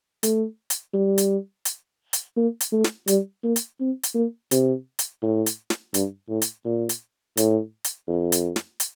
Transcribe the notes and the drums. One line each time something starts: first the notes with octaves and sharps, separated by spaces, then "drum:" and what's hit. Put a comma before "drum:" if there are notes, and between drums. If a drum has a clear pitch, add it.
A3, drum: hi-hat
drum: hi-hat
G3
drum: hi-hat
drum: hi-hat
drum: hi-hat
A#3
drum: hi-hat
A3
drum: snare
G3, drum: hi-hat
A#3
drum: hi-hat
C4
drum: hi-hat
A#3
C3, drum: hi-hat
drum: hi-hat
A2
drum: hi-hat
drum: snare
G2, drum: hi-hat
A2
drum: hi-hat
A#2
drum: hi-hat
A2, drum: hi-hat
drum: hi-hat
F2
drum: hi-hat
drum: snare
drum: hi-hat